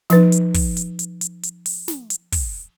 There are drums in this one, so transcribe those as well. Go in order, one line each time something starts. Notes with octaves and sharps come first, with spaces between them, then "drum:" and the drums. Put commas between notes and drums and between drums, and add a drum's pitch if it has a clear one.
F3 D#4 B4, drum: snare
drum: hi-hat
drum: kick, open hi-hat
drum: hi-hat
drum: hi-hat
drum: hi-hat
drum: hi-hat
drum: open hi-hat
drum: snare
drum: hi-hat
drum: kick, open hi-hat